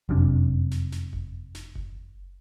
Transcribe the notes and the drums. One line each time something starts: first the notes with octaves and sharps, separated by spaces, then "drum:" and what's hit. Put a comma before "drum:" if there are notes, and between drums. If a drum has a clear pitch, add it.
F1 F#2 C3 D4, drum: kick F#1
drum: snare
drum: snare
drum: kick F#1
drum: snare
drum: kick F#1